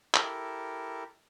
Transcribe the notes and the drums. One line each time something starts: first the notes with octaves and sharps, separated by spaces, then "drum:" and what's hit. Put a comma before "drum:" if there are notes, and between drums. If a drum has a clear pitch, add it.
E4 G4 A4 A#4, drum: clap